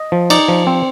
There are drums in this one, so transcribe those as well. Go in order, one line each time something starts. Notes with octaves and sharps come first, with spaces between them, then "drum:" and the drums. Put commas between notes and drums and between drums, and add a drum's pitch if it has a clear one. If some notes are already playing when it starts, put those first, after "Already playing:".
Already playing: D#5
F3
D#4 D5, drum: cymbal
F3
C4